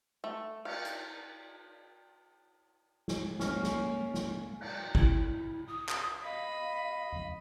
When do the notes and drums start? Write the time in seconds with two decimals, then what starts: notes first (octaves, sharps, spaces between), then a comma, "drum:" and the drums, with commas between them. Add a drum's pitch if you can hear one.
0.24 A3
0.65 F5, drum: cymbal
0.85 drum: hi-hat
3.08 drum: snare
3.39 A#3 C#4 F5, drum: snare
3.63 drum: snare
4.14 drum: snare
4.60 drum: cymbal
4.95 E4, drum: kick
5.67 D#6
5.89 drum: clap
6.24 D#5 F5 B5
7.12 drum: tom E2